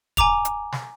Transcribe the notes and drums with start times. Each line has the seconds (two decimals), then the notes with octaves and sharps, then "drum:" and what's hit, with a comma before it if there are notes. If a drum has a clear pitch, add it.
0.17 G#5 A#5 D6 F7, drum: kick, hi-hat
0.45 drum: hi-hat
0.73 drum: snare